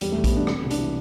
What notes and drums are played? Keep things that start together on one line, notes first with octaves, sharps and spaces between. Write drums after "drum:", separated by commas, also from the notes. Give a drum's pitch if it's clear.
E2 G3, drum: hi-hat
A3
E1
B3, drum: kick A#1, hi-hat
B2 D4
C3 B3, drum: rim click
C2
D4, drum: hi-hat
E3